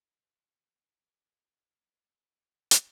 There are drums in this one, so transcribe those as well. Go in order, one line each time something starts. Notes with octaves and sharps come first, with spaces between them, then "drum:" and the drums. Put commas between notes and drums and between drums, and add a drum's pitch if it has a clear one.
D5
G5
drum: hi-hat